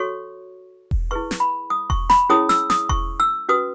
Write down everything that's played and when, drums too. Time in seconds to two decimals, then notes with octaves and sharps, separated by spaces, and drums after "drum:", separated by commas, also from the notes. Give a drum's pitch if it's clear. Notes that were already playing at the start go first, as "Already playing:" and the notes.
Already playing: F#4 A4 C#5 C#6
0.91 drum: kick E1
1.11 E4 G#4 B4 C#6
1.31 drum: snare
1.40 B5
1.70 D#6
1.90 C#6, drum: kick E1
2.10 B5, drum: snare
2.30 C#4 E4 G#4 C#5 D#6
2.49 E6, drum: snare
2.70 D#6, drum: snare
2.89 C#6, drum: kick E1
3.20 E6
3.49 C#4 F#4 B4 D#6